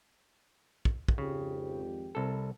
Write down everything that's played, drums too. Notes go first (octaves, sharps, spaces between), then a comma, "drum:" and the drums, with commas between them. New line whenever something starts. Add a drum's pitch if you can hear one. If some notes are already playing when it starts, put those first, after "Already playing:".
drum: kick
drum: kick
G#1 F2 C#3 G4
C2 A4